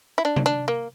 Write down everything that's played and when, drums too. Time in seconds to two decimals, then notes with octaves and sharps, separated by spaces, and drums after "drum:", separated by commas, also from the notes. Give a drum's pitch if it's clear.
0.18 E4
0.25 D4
0.36 drum: tom C3
0.46 D4
0.68 A#3